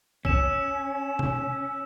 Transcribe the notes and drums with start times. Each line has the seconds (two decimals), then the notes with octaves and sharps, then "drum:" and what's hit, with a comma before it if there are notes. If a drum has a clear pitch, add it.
0.25 C#4 E6 E7, drum: kick A#1
1.19 drum: tom B2